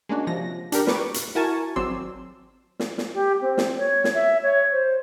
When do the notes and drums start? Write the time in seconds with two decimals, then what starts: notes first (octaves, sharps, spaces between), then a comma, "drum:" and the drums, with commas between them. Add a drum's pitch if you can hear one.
0.09 G#3 A#3 C#4 D4 F#4
0.27 C3 F3 A#6
0.72 D4 G4 A#4, drum: hi-hat
0.87 B4 C#6 D6, drum: snare
1.14 drum: hi-hat
1.35 E4 F#4 A#4 G#5 A5 C#6
1.76 G#1 F#3 C4 D5 C6 E6
2.79 drum: snare
2.98 drum: snare
3.14 G4
3.41 C4
3.58 drum: snare
3.78 C#5
4.04 drum: snare
4.14 E5
4.43 C#5
4.72 C5